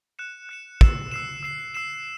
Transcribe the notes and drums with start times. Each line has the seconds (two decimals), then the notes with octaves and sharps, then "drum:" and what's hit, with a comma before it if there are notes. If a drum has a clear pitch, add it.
0.19 F#6 C#7 E7
0.49 F#6 C#7 E7
0.81 E6 C7 E7, drum: kick
1.12 E6 C7 E7
1.43 E6 C7 E7
1.74 E6 C7 E7